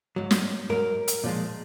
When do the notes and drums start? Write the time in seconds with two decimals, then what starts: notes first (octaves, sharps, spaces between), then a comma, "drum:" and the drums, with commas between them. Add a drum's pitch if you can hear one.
0.16 G#2 F#3
0.31 drum: snare
0.70 G#2 F#3 A#4
1.08 drum: hi-hat
1.24 A#2 F3 G#3